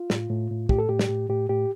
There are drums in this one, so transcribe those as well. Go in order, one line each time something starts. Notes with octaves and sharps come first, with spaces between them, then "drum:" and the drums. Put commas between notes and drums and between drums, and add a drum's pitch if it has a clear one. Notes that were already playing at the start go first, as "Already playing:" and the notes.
Already playing: F4
A2, drum: snare
A2
A2
A2 G4, drum: kick
A4
A2 G4
drum: snare
A2
A2 G4
A2 G4